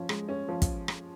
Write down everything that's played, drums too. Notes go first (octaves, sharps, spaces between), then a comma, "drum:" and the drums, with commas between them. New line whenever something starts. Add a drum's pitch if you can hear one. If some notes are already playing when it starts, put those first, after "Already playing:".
Already playing: F3 C#4
G#3, drum: rim click
C#4
F3
drum: kick, hi-hat
drum: rim click